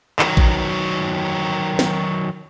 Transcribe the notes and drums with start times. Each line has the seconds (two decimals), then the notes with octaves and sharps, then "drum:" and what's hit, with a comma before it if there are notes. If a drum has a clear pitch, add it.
0.19 D#3 F#3, drum: clap
0.37 drum: kick A1
1.79 drum: snare